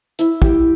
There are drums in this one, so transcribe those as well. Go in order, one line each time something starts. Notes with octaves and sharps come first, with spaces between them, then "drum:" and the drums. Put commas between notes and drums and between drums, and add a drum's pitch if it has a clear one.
E4, drum: hi-hat
G4, drum: kick